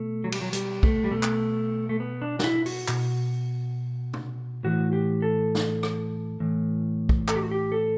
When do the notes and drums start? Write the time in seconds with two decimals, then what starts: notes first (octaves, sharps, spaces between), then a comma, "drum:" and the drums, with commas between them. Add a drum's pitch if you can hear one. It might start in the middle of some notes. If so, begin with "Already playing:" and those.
Already playing: B2 A3
0.24 F#3
0.32 G3, drum: cymbal
0.41 F#3
0.53 G3, drum: hi-hat
0.83 A3, drum: kick
1.04 G3
1.11 B2 A3
1.23 drum: clap
1.89 A3
2.00 B3
2.22 D4
2.39 F#4, drum: snare
2.44 E4
2.66 F#4, drum: open hi-hat
2.88 B2, drum: clap
4.13 drum: tom B2
4.63 A2 E3 F#4
4.93 G4
5.22 A4
5.55 drum: snare
5.83 drum: rim click
6.40 A2 E3
7.09 drum: kick
7.28 A4, drum: clap
7.36 G4
7.43 F#4
7.51 G4
7.72 A4